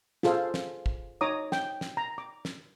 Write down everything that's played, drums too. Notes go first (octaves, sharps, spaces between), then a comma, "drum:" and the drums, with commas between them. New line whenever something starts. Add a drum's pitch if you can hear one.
F4 G#4 A4 C5 F5, drum: snare
drum: snare
drum: kick
D#4 C#5 A#5 D6 D#6
G5, drum: snare
drum: snare
A#5
D6
drum: snare